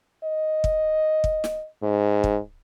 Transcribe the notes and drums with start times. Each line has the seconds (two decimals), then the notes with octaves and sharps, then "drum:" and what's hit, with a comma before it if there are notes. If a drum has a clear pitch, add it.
0.24 D#5
0.64 drum: kick
1.24 drum: kick
1.44 drum: snare
1.83 G#2
2.24 drum: kick